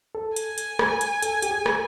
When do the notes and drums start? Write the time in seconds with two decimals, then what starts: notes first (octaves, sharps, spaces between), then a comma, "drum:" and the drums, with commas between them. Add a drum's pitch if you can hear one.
0.15 A4
0.36 G#5, drum: hi-hat
0.58 drum: hi-hat
0.79 drum: rim click
1.01 drum: hi-hat
1.22 A4, drum: hi-hat
1.42 G4, drum: hi-hat
1.51 G#4
1.66 drum: rim click